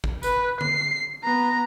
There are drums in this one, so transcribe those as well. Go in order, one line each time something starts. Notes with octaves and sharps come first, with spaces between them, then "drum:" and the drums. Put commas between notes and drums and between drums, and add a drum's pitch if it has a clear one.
drum: kick
B4, drum: tambourine
C7, drum: tom D3
B3 A#5